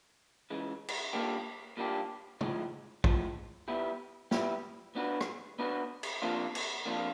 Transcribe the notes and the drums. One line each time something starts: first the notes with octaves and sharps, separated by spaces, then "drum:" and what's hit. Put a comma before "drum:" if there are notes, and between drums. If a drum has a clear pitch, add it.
C#3 E3 G#3
drum: cymbal
A#2 G3 A#3 D4 G4
A#2 G3 A#3 D4 G4
A2 F3 G#3, drum: tom
A2 F3 G#3, drum: kick
G3 B3 E4 G4
G3 B3 E4 G4, drum: snare
B3 D4 F#4 B4
drum: rim click
B3 D4 F#4 B4
drum: cymbal
C3 F3 A#3 D4 F4
drum: cymbal
C3 F3 A#3 D4 F4